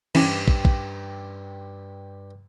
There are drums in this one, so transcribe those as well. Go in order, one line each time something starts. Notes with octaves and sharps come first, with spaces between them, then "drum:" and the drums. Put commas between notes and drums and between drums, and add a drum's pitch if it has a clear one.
G2 E3 C#4 G4 C5, drum: cymbal
drum: kick
drum: kick